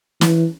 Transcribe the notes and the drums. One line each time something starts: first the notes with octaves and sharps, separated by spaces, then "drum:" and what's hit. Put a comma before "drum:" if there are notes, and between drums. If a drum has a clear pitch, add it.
E3, drum: snare